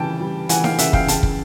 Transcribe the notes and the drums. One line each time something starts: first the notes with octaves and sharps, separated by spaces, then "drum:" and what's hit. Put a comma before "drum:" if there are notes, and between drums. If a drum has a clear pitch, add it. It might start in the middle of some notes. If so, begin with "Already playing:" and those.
Already playing: C#3 E3 G3 G5 A5
G3
E3 F#5 G#5, drum: hi-hat
F5 G5, drum: snare D#4
C#3 E5 F#5, drum: hi-hat
F5 G5, drum: kick
C#3 G5 A5, drum: hi-hat
drum: kick